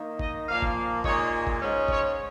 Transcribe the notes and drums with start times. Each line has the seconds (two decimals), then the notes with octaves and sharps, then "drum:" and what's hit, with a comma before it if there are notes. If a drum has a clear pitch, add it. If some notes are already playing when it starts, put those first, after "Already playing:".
Already playing: D#3 A#3 D#4
0.19 D#5, drum: kick
0.48 A#2 F3 A#3 F5
0.62 drum: kick
1.04 A#2 G#3 D#4 C#5, drum: kick
1.47 drum: kick
1.61 G#2 G#3 C#4
1.88 C#5, drum: kick